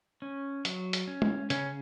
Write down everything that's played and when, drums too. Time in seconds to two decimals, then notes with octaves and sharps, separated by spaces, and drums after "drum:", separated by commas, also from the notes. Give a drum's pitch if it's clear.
0.22 C#4
0.65 F#3, drum: hi-hat
0.93 drum: hi-hat
1.07 C#4
1.22 drum: tom
1.50 C#3 C#4, drum: hi-hat